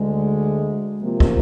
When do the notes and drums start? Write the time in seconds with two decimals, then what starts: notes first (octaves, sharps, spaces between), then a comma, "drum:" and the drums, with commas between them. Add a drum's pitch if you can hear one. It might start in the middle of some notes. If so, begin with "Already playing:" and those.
Already playing: D2 D3 G#3
1.01 C3 F3 A#3 F4
1.20 drum: kick